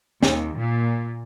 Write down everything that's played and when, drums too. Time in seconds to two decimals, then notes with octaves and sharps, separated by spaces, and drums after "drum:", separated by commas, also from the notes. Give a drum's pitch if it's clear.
0.23 D#2, drum: snare
0.60 A#2